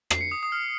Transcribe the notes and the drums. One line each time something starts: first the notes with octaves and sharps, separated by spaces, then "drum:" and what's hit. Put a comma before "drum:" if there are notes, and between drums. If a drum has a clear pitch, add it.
C7, drum: rim click
C#7
D#6
D#6
F6